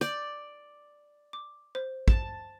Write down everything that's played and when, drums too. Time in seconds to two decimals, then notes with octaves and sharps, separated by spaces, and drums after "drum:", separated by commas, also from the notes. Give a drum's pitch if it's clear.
0.01 D5 G6, drum: hi-hat
1.33 D6
1.75 C5
2.08 A5, drum: kick